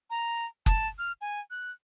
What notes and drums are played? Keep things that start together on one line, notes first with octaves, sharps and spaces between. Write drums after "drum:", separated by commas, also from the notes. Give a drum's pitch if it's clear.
A#5
A5, drum: kick F#1
F6
G#5
F#6